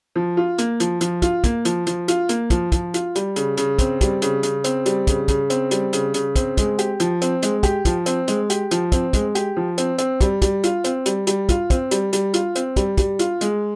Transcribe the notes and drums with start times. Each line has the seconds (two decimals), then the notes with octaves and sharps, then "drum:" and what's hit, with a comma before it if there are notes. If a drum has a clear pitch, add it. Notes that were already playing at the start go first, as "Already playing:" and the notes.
0.15 F3
0.37 F4
0.58 A#3, drum: hi-hat
0.80 F3, drum: hi-hat
1.01 F3, drum: hi-hat
1.22 F4, drum: kick, hi-hat
1.44 A#3, drum: kick, hi-hat
1.65 F3, drum: hi-hat
1.87 F3, drum: hi-hat
2.08 F4, drum: hi-hat
2.29 A#3, drum: hi-hat
2.50 F3, drum: kick, hi-hat
2.72 F3, drum: kick, hi-hat
2.94 F4, drum: hi-hat
3.15 G3, drum: hi-hat
3.36 C#3, drum: hi-hat
3.57 C#3, drum: hi-hat
3.79 C4, drum: kick, hi-hat
4.01 G3, drum: kick, hi-hat
4.22 C#3, drum: hi-hat
4.43 C#3, drum: hi-hat
4.64 C4, drum: hi-hat
4.86 G3, drum: hi-hat
5.07 C#3, drum: kick, hi-hat
5.28 C#3, drum: kick, hi-hat
5.50 C4, drum: hi-hat
5.71 G3, drum: hi-hat
5.93 C#3, drum: hi-hat
6.14 C#3, drum: hi-hat
6.36 C4, drum: kick, hi-hat
6.57 G#3, drum: kick, hi-hat
6.79 G4, drum: hi-hat
7.00 F3, drum: hi-hat
7.22 C4, drum: hi-hat
7.42 G#3, drum: hi-hat
7.63 G4, drum: kick, hi-hat
7.85 F3, drum: kick, hi-hat
8.06 C4, drum: hi-hat
8.28 G#3, drum: hi-hat
8.50 G4, drum: hi-hat
8.71 F3, drum: hi-hat
8.92 C4, drum: kick, hi-hat
9.13 G#3, drum: kick, hi-hat
9.35 G4, drum: hi-hat
9.56 F3
9.78 C4, drum: hi-hat
9.98 C4, drum: hi-hat
10.21 G3, drum: kick, hi-hat
10.42 G3, drum: kick, hi-hat
10.64 F4, drum: hi-hat
10.84 C4, drum: hi-hat
11.06 G3, drum: hi-hat
11.27 G3, drum: hi-hat
11.49 F4, drum: kick, hi-hat
11.70 C4, drum: kick, hi-hat
11.91 G3, drum: hi-hat
12.13 G3, drum: hi-hat
12.34 F4, drum: hi-hat
12.55 C4, drum: hi-hat
12.76 G3, drum: kick, hi-hat
12.98 G3, drum: kick, hi-hat
13.19 F4, drum: hi-hat
13.41 G#3, drum: hi-hat